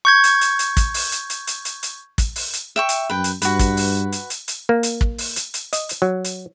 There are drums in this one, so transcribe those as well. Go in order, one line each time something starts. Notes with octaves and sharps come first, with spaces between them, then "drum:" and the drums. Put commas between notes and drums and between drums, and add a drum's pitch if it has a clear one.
C#6 G6 G#6
drum: hi-hat
drum: hi-hat
drum: hi-hat
drum: kick, hi-hat
drum: open hi-hat
drum: hi-hat
drum: hi-hat
drum: hi-hat
drum: hi-hat
drum: hi-hat
drum: kick, hi-hat
drum: open hi-hat
drum: hi-hat
E5 G5 C#6
drum: hi-hat
F#2 B4 G5
drum: hi-hat
G2 F#4 B4, drum: hi-hat
drum: kick, hi-hat
drum: open hi-hat
drum: hi-hat
drum: hi-hat
drum: hi-hat
A#3
drum: hi-hat
drum: kick
drum: open hi-hat
drum: hi-hat
drum: hi-hat
D#5, drum: hi-hat
drum: hi-hat
F#3
drum: hi-hat